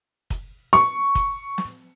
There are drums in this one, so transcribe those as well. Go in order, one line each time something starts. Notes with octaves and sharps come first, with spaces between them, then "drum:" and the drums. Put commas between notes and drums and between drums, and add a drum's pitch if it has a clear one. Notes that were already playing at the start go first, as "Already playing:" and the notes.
drum: kick, hi-hat
C#6, drum: snare
drum: kick, hi-hat
drum: snare